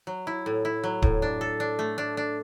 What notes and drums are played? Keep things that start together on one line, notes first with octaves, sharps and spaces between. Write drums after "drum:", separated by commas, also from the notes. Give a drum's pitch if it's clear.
F#3
E4
A2
E4
F#3
A2, drum: kick D1
D4
A4
D4
A3
D4
D4